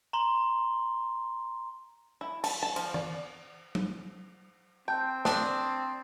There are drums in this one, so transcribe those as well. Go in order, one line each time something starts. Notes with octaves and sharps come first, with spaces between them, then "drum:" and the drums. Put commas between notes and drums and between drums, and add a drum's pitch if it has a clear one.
A#5 C6 G7
E4
A5, drum: cymbal
A5
F3, drum: cymbal
D5, drum: tom E3
drum: tom
C4 G5 A5 G6
D4 D#6, drum: snare